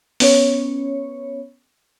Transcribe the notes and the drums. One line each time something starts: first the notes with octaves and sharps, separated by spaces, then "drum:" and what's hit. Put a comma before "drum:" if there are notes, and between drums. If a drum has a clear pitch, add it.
B3 C#4 C#5, drum: open hi-hat